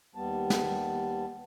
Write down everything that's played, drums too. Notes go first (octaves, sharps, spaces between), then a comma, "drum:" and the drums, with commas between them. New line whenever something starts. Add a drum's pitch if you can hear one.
D#2 G3 B3 A5
drum: snare